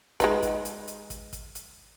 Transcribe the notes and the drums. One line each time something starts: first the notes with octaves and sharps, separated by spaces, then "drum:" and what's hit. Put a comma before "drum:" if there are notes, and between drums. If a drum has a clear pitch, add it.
G#3 D#4 B4, drum: kick, hi-hat
drum: kick, hi-hat
drum: hi-hat
drum: hi-hat
drum: kick, hi-hat
drum: kick, hi-hat
drum: hi-hat